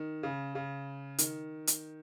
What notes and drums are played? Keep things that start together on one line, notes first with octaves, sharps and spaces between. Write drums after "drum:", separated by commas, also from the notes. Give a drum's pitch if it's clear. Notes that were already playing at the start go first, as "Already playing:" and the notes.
Already playing: D#3
C#3
C#3
D#3, drum: hi-hat
drum: hi-hat